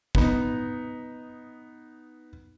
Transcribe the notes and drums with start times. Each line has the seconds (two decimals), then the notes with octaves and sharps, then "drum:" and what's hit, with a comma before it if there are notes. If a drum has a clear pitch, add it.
0.15 B3 D#4, drum: kick